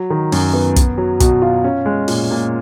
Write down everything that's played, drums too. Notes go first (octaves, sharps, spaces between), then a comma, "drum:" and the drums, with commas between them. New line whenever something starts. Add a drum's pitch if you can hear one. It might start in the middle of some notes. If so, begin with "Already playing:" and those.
Already playing: F#3
D#3
F#2, drum: open hi-hat
B3
B3, drum: kick, hi-hat
F#3
B2, drum: kick, hi-hat
F4
C#4
G#3
A#2, drum: open hi-hat
A#2